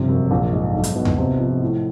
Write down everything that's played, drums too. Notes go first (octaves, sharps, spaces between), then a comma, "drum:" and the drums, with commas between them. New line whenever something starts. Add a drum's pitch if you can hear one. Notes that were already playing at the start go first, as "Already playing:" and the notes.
Already playing: G1 F2 C3
F#2
A#1
G#2
B1
drum: hi-hat
B2
drum: tom E2
C3
F3
A2